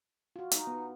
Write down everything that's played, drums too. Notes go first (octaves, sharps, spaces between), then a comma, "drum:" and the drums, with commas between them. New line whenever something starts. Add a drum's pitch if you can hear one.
F4 F#4
D#4, drum: hi-hat
B3